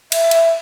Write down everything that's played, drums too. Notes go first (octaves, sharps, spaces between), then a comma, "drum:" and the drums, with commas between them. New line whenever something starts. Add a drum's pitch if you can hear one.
E5, drum: cymbal
drum: cymbal